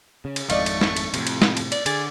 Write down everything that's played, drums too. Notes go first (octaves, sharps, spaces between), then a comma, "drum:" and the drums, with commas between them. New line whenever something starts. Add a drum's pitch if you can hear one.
C#3
drum: cymbal
G#1 F2 G#2 A3 D5 D#5 F5 C#6, drum: cymbal
drum: cymbal
drum: snare
drum: cymbal
F2 A2 C3, drum: cymbal
drum: cymbal
drum: snare
drum: cymbal
D5, drum: cymbal
D3 G#4 D5 A6, drum: cymbal